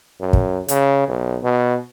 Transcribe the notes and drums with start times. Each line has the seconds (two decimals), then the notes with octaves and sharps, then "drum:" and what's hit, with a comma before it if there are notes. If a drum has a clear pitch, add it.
0.21 F#2
0.33 drum: kick
0.68 C#3, drum: hi-hat
1.08 B1
1.43 B2